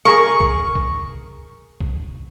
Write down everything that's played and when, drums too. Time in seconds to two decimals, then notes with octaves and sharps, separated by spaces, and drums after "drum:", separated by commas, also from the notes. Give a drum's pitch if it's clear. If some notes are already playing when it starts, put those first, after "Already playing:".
0.05 G#4 A#4 C#6
0.40 drum: kick
0.75 drum: kick
1.81 drum: kick